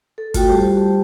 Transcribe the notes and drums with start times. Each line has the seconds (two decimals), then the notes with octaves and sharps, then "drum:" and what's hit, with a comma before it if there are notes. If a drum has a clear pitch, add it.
0.18 A4
0.34 A3 F4 F#4 A4 G5, drum: kick G1, hi-hat
0.48 G3 G4 C5 A5